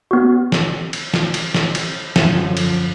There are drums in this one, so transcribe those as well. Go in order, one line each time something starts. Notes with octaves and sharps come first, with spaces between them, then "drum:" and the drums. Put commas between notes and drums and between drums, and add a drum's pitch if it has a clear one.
B3 F#4
drum: snare
drum: cymbal
drum: snare
drum: cymbal
drum: snare
drum: cymbal
F#2 D3 F3, drum: snare
drum: cymbal